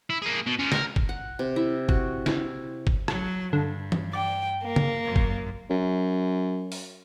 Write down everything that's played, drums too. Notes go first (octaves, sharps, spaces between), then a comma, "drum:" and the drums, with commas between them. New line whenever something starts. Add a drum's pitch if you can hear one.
E4
A#3 G#4
B2
C#3 F4
A#4, drum: snare
drum: kick
F#5
C3
E4
F#4, drum: kick
E4, drum: snare
drum: kick
F#3, drum: rim click
G2 D3
drum: tom E3
D5 G5
A#3
drum: tom C#3
F#2
drum: kick
F#2
drum: open hi-hat